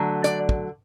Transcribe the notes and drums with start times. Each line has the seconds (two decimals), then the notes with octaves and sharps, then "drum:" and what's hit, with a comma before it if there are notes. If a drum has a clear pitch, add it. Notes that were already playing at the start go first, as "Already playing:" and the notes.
Already playing: D3 F#3 A3
0.24 D5, drum: hi-hat
0.49 drum: kick